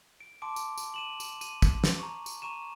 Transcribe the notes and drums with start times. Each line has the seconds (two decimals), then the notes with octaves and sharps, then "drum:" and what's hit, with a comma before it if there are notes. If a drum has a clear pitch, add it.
0.20 D7
0.42 A5 C6 D6 D7
0.56 drum: tambourine
0.78 drum: tambourine
0.94 D#7 E7 F#7
1.20 drum: tambourine
1.41 D#7, drum: tambourine
1.62 drum: kick, tambourine
1.84 drum: snare
1.99 A#5 C#6
2.26 drum: tambourine
2.42 A#5 C#6 D#7 E7